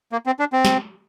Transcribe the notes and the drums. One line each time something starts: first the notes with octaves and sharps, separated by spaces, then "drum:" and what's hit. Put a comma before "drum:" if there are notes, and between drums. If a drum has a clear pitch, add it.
A#3
C4
D4
C4
drum: snare